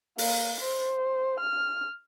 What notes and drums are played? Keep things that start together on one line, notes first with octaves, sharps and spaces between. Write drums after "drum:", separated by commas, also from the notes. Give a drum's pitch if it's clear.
A#3, drum: open hi-hat
C5
F6